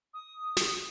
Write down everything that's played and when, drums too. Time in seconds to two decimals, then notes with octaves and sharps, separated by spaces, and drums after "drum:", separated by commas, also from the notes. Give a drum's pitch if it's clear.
0.13 D#6
0.57 drum: snare